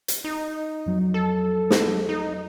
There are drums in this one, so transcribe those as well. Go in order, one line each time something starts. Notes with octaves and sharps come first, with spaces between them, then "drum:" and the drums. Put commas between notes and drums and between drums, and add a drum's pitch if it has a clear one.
drum: hi-hat
D#4
F2 F#3
A4
drum: snare
D#4